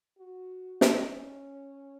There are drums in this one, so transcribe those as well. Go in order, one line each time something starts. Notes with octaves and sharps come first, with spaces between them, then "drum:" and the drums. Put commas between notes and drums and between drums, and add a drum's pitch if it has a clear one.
F#4
D#4, drum: snare
C#4